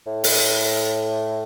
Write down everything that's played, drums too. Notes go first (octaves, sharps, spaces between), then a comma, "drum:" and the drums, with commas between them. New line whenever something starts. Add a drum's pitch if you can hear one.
A2
drum: open hi-hat